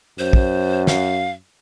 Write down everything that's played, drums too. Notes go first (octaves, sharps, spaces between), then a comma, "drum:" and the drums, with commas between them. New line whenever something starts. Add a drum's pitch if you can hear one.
F#2 C5
drum: kick
F5, drum: snare